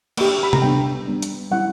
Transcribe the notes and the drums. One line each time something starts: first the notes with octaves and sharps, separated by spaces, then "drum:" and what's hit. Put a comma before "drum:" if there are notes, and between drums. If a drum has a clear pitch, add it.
A#3 D4 G4, drum: cymbal
B5
A#5, drum: tom C3
G3 B3 D4 G5
G3 B3 D4
drum: hi-hat
G3 C#4 E4 F#5